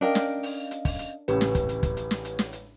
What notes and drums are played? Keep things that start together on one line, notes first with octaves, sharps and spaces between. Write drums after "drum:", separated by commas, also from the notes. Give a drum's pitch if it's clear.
C#4 D4 A#4 D#5 F5 G5
drum: snare
drum: open hi-hat
drum: hi-hat
drum: kick, open hi-hat
drum: hi-hat
A1 A2 C#3 G4 B4, drum: hi-hat
drum: snare
drum: kick, hi-hat
drum: hi-hat
drum: kick, hi-hat
drum: hi-hat
drum: snare
drum: hi-hat
drum: snare
drum: hi-hat